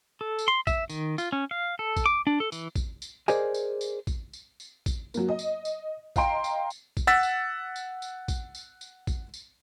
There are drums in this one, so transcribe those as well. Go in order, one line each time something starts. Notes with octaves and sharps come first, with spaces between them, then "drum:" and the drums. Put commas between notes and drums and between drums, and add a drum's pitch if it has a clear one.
A4
drum: tambourine
C6
E5, drum: kick, tambourine
D#3, drum: tambourine
F4, drum: tambourine
C#4
F5
A4
drum: kick, tambourine
D6
D4
A4
E3, drum: tambourine
drum: kick, tambourine
drum: tambourine
G#4 A#4 C5 D5 D#5 G#5, drum: tambourine
drum: tambourine
drum: tambourine
drum: kick, tambourine
drum: tambourine
drum: tambourine
drum: kick, tambourine
F#3 A#3, drum: tambourine
D#5
drum: tambourine
drum: tambourine
D#5 F5 G5 A#5 C6 D7, drum: kick, tambourine
drum: tambourine
drum: tambourine
drum: kick, tambourine
F#5 E6 A6 B6
drum: tambourine
drum: tambourine
drum: tambourine
drum: kick, tambourine
drum: tambourine
drum: tambourine
drum: kick, tambourine
drum: tambourine